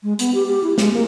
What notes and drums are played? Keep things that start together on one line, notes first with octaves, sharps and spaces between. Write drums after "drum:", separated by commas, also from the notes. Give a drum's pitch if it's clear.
G#3
B3, drum: hi-hat
G4
G4
E4
G#3, drum: snare
A#3